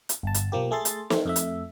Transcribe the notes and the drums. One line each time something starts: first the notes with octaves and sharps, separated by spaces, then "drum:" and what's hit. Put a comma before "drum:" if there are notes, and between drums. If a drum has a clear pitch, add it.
drum: hi-hat
G1 A5
drum: hi-hat
B1 F3 A#3 G4
A3 G#4 A4 C6 A6
drum: hi-hat
A3 C4, drum: snare
F2 A3 E5
drum: hi-hat